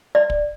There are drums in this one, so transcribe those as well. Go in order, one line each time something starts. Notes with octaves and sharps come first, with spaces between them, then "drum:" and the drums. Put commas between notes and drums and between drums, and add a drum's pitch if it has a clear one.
D5
drum: kick